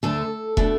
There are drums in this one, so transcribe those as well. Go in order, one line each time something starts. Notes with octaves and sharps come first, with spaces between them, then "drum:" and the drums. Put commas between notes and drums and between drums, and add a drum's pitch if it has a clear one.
D2 D3 A3 D4 A4
B2 A3 D4, drum: kick